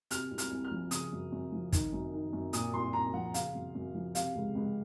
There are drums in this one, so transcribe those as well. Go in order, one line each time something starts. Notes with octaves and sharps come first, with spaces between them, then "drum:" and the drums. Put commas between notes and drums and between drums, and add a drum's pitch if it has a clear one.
C3 F6, drum: hi-hat
C2
F6, drum: hi-hat
C2
F6
F3
C#3 D#6, drum: hi-hat
F#2
F#2
F3
D#3, drum: kick, hi-hat
F#2
D#3
F#2
A#2 D#6, drum: hi-hat
C2 C6
C2 A#5
F3 F#5
C#3 F5, drum: hi-hat
F#2
F#2
F3
C3 F5, drum: hi-hat
C#2
C#2